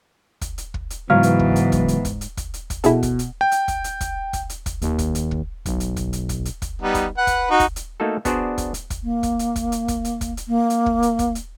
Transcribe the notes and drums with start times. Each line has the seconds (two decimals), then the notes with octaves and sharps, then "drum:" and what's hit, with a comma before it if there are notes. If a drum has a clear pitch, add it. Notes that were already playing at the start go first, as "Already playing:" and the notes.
0.41 drum: kick, hi-hat
0.58 drum: hi-hat
0.74 drum: kick
0.90 drum: hi-hat
1.10 C#2 G#2 E3 F#3 B3 F5 F6
1.23 drum: hi-hat
1.39 drum: kick
1.56 drum: hi-hat
1.72 drum: kick, hi-hat
1.88 drum: hi-hat
2.05 drum: kick, hi-hat
2.21 drum: hi-hat
2.37 drum: kick, hi-hat
2.54 drum: hi-hat
2.70 drum: kick, hi-hat
2.84 B2 E4 G#4 A4, drum: hi-hat
3.03 drum: kick, hi-hat
3.19 drum: hi-hat
3.41 G5
3.52 drum: hi-hat
3.68 drum: kick, hi-hat
3.84 drum: hi-hat
4.01 drum: kick, hi-hat
4.33 drum: kick, hi-hat
4.50 drum: hi-hat
4.66 drum: kick, hi-hat
4.82 D#2, drum: hi-hat
4.99 drum: kick, hi-hat
5.15 drum: hi-hat
5.31 drum: kick
5.66 B1, drum: kick, hi-hat
5.80 drum: hi-hat
5.96 drum: kick, hi-hat
6.13 drum: hi-hat
6.29 drum: kick, hi-hat
6.45 drum: hi-hat
6.62 drum: kick, hi-hat
6.82 G3 B3 D#4
6.94 drum: kick, hi-hat
7.18 B4 F#5
7.27 drum: kick, hi-hat
7.50 D#4 F#4
7.60 drum: kick, hi-hat
7.76 drum: hi-hat
8.00 A3 A#3 D#4 F#4 A4
8.25 B3 D4 F#4 G#4 C5 D5, drum: kick, hi-hat
8.58 drum: kick, hi-hat
8.74 drum: hi-hat
8.90 drum: kick, hi-hat
9.03 A#3
9.23 drum: kick, hi-hat
9.39 drum: hi-hat
9.56 drum: kick, hi-hat
9.72 drum: hi-hat
9.88 drum: kick, hi-hat
10.05 drum: hi-hat
10.21 drum: kick, hi-hat
10.37 drum: hi-hat
10.48 A#3
10.70 drum: hi-hat
10.86 drum: kick
11.03 drum: hi-hat
11.19 drum: kick, hi-hat
11.35 drum: hi-hat